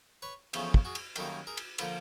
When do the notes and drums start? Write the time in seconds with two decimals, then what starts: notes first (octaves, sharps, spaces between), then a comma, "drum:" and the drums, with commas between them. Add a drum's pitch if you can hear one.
0.22 B4 C#5
0.53 E2 C#3 F3 A3, drum: cymbal
0.74 drum: kick
0.85 F#4 G#4
0.95 drum: cymbal
1.16 F#2 D#3 G3 A#3 G4 A4, drum: cymbal
1.47 G#4 A#4
1.57 drum: cymbal
1.78 D3 F3 A#3 A4 B4, drum: cymbal